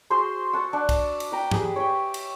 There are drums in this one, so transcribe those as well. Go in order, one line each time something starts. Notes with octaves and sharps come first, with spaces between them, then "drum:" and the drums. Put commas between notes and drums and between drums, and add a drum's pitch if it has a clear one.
F#4 G#4 C5 C6
F#5 A5 C#6 E6
D4 F#5 A5
drum: kick, cymbal
drum: cymbal
B4 G5 A#5
G4 G#4 B4, drum: tom G2
C#5 E5 G5
drum: cymbal